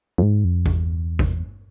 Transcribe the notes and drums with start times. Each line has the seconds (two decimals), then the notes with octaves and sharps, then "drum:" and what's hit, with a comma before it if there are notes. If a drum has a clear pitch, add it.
0.18 F2
0.23 G#2
0.45 F2
0.66 E2, drum: kick G#1
1.19 drum: kick G#1